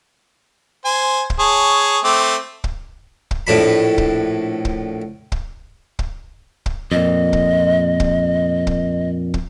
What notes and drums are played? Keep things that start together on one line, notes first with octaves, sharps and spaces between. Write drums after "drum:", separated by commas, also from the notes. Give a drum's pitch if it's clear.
C5 G#5
drum: kick
G#4 C#5 A5
A3 C4 D6
drum: kick
drum: kick
A#1 A2 D4 B5
drum: kick
drum: kick
drum: kick
drum: kick
drum: kick
F2 A#2 D#5
drum: kick
drum: kick
drum: kick
drum: kick